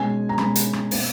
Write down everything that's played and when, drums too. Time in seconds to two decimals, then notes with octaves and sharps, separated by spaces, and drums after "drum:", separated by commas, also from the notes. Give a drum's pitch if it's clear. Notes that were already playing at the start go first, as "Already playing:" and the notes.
Already playing: B2 G#3 C#4 G#5
0.29 A#5
0.38 B2 G#3 C#4 B5, drum: rim click
0.56 drum: hi-hat
0.73 drum: rim click
0.91 B2 A#3 C#4, drum: open hi-hat